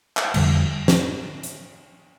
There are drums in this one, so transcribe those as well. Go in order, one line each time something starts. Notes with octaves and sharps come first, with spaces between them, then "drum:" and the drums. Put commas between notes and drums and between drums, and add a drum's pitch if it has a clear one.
drum: clap
F2 D3 G3 A#3, drum: cymbal
drum: snare
drum: hi-hat